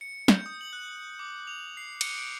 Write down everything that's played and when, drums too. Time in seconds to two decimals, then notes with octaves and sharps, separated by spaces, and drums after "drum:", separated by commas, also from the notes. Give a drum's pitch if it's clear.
0.01 C#7
0.28 G6, drum: snare
0.46 D#6
0.61 F#7
0.73 F#6
1.19 D6
1.47 F7
1.77 C7
2.01 C#7, drum: cymbal
2.18 D7